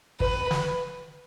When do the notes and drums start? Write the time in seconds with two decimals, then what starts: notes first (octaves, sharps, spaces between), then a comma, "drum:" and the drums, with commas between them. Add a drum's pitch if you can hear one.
0.20 B4, drum: kick
0.51 drum: snare